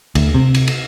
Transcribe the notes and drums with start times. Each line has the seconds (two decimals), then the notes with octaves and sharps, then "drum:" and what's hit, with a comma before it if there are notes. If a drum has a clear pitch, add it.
0.15 D2, drum: cymbal
0.35 C3
0.55 drum: cymbal
0.68 drum: cymbal